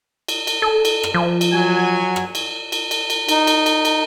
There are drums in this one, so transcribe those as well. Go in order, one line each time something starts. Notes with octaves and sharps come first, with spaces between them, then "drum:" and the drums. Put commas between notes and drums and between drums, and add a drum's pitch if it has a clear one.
drum: cymbal
drum: cymbal
A4
drum: cymbal
drum: rim click
F3
drum: cymbal
F#3 F#5 G#5
drum: rim click
drum: cymbal
drum: cymbal
drum: cymbal
drum: cymbal
D#4, drum: cymbal
drum: cymbal
drum: cymbal
drum: cymbal